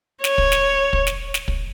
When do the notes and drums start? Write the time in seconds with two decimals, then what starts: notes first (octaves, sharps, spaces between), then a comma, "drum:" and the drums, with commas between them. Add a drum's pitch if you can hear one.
0.24 C#5, drum: snare
0.38 drum: kick
0.52 drum: snare
0.93 drum: kick
1.07 drum: snare
1.34 drum: snare
1.48 drum: kick